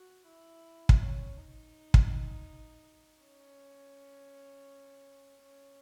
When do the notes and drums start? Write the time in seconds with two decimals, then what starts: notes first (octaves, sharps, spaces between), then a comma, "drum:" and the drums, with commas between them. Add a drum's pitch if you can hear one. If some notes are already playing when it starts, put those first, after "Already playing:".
Already playing: F#4
0.27 E4
0.89 drum: kick
1.01 C#4
1.38 D#4
1.94 drum: kick
3.22 C#4
5.43 C#4